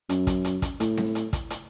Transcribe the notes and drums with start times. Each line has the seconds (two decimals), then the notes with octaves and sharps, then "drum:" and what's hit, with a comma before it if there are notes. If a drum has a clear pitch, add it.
0.09 F#2, drum: hi-hat
0.27 drum: kick, hi-hat
0.44 drum: hi-hat
0.62 drum: kick, hi-hat
0.80 A2, drum: hi-hat
0.97 drum: snare C4
1.15 drum: hi-hat
1.33 drum: kick, hi-hat
1.50 drum: hi-hat